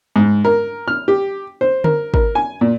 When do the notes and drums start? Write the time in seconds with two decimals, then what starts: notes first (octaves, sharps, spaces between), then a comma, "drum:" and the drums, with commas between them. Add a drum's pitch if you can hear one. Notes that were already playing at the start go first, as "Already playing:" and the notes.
0.16 G#2
0.45 A#4
0.88 F6
1.08 G4
1.61 C5
1.84 A#4, drum: tom D3
2.14 A#4, drum: kick
2.35 G#5
2.61 A#2